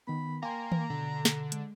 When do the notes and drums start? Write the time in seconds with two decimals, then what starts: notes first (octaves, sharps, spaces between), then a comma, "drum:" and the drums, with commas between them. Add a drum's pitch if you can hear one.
0.08 D#3 B3 B5
0.43 A#3 G5 G#5 A#5 C6
0.72 drum: tom D#3
0.90 B2 D3
1.25 drum: snare
1.52 G#3, drum: hi-hat